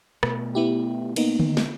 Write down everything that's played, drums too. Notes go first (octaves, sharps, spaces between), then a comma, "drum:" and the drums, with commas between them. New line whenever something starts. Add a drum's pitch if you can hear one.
B2 A3, drum: rim click
B3 E4 G4
A#3 B3 D#4, drum: cymbal
drum: tom D3
drum: snare